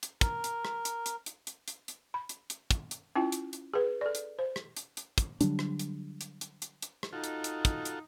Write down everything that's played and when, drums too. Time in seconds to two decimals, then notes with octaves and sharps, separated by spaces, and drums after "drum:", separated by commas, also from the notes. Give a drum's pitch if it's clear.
0.03 drum: hi-hat
0.21 A#4, drum: kick, hi-hat
0.44 drum: hi-hat
0.65 drum: rim click
0.85 drum: hi-hat
1.06 drum: hi-hat
1.26 drum: hi-hat
1.47 drum: hi-hat
1.68 drum: hi-hat
1.88 drum: hi-hat
2.14 B5
2.29 drum: hi-hat
2.50 drum: hi-hat
2.71 drum: kick, hi-hat
2.91 drum: hi-hat
3.16 C#4 E4 F4 G5
3.32 drum: hi-hat
3.53 drum: hi-hat
3.74 G#4 B4
4.01 A4 D5
4.15 drum: hi-hat
4.39 C5
4.56 drum: rim click
4.76 drum: hi-hat
4.97 drum: hi-hat
5.18 drum: kick, hi-hat
5.41 D3 F#3 G3 D4, drum: hi-hat
5.59 drum: rim click
5.79 drum: hi-hat
6.21 drum: hi-hat
6.41 drum: hi-hat
6.62 drum: hi-hat
6.82 drum: hi-hat
7.03 drum: rim click
7.13 D#4 F4 F#4 A4
7.24 drum: hi-hat
7.44 drum: hi-hat
7.65 drum: kick, hi-hat
7.85 drum: hi-hat